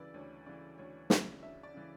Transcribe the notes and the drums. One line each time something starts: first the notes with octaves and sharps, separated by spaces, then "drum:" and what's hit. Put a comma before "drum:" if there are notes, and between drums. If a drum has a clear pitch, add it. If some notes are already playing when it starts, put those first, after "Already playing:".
Already playing: D2 C#3 E3 E4 B4 D5
D2 C#5
C#3 E3 D5
D2 C#5
C#3 E3 E5, drum: snare
D2 E5
D5
C#3 E3